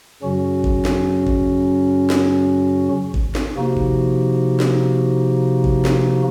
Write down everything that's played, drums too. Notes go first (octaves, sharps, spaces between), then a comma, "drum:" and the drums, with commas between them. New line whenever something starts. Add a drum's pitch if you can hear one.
F#2 C#3 F#3 C#4 F#4
drum: kick
drum: snare
drum: kick
drum: snare
drum: kick
drum: snare
C3 F3 A#3 D#4 F#4
drum: kick
drum: snare
drum: kick
drum: snare